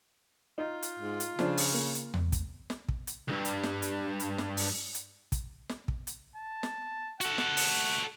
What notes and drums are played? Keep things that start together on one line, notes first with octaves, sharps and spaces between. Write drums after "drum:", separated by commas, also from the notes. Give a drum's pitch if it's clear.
D#4 F4
drum: hi-hat
G#2
drum: hi-hat
C#3 F3 D4, drum: snare
drum: open hi-hat
A#3
drum: hi-hat
drum: tom E2
drum: kick, hi-hat
drum: snare
drum: kick
drum: hi-hat
C2 G2
drum: hi-hat
drum: snare
drum: hi-hat
drum: hi-hat
drum: snare
drum: open hi-hat
drum: hi-hat
drum: kick, hi-hat
drum: snare
drum: kick
drum: hi-hat
A5
drum: snare
F#4 A4 F#5, drum: hi-hat
drum: snare
drum: open hi-hat